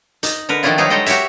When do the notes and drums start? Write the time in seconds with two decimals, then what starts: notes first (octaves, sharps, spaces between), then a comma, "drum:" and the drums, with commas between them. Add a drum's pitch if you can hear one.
0.23 D#4, drum: hi-hat
0.49 D3 A#4 B4
0.63 D#3 F3 A3 D4 E4 F4
0.78 D3 F#3 G3 D#4 G#4 B4
0.90 F#3 G#3 A4 D#5 G5
1.06 F#4 G4 A#4 C#5 E5, drum: hi-hat